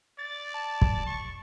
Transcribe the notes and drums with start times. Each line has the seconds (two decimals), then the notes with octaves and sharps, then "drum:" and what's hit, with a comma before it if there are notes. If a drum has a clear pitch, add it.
0.19 D5 A6
0.54 A5
0.82 drum: kick
1.07 C#6